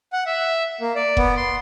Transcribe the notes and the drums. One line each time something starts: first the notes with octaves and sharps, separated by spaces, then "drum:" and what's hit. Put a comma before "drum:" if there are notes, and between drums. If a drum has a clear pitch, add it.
F#5
E5
A#3
D5
B3, drum: kick E1
C6